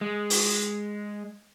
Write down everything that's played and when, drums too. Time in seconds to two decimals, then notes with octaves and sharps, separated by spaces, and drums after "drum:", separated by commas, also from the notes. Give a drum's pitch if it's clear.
0.01 G#3
0.30 drum: open hi-hat